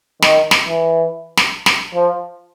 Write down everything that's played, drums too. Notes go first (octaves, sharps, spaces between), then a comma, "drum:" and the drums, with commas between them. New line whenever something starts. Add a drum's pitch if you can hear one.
D#3, drum: snare
drum: snare
E3
drum: snare
drum: snare
F3